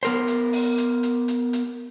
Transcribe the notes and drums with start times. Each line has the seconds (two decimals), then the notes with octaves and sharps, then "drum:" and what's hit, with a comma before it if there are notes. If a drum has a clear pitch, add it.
0.03 B3 A#4 C5, drum: hi-hat
0.28 drum: hi-hat
0.53 drum: open hi-hat
0.78 drum: hi-hat
1.03 drum: hi-hat
1.28 drum: hi-hat
1.53 drum: hi-hat